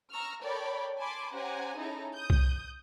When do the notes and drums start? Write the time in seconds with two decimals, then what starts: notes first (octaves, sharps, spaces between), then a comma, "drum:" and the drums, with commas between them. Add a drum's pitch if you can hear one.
0.11 A#5 C#6 E6 F6
0.42 A4 A#4 C#5 D5 G5 B5
0.98 G#5 A5 B5 C6 D6
1.33 C#4 G4 C5 F#5 G#5 A#5
1.77 C#4 D#4 E4 G#4 A4 A#5
2.15 D#6 G6
2.30 drum: kick C2